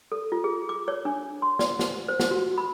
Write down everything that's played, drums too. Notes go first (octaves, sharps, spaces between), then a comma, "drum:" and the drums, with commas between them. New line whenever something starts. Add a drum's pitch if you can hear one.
A4
F4
G#4
D6
C#5
D4
C6
D5, drum: snare
drum: snare
C5
drum: snare
F#4
B5